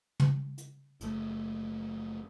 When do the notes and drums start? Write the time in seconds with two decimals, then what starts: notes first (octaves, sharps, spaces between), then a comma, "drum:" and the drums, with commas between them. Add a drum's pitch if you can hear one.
0.20 drum: tom
0.58 drum: hi-hat
1.01 F#1 A3, drum: hi-hat